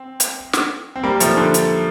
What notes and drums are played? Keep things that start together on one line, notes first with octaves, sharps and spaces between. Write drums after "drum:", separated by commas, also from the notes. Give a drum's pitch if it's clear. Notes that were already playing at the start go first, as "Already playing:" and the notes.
Already playing: C4
drum: hi-hat
drum: snare
C4
G3 A#3
F3 A3, drum: hi-hat
D3 F3
drum: hi-hat